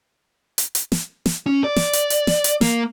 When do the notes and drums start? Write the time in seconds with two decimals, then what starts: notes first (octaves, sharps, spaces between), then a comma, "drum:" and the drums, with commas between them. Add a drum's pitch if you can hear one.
0.58 drum: hi-hat
0.75 drum: hi-hat
0.92 drum: snare
1.26 drum: snare
1.46 C#4
1.64 D5
1.76 drum: snare
1.93 drum: hi-hat
2.10 drum: hi-hat
2.27 drum: snare
2.44 drum: hi-hat
2.61 A#3, drum: snare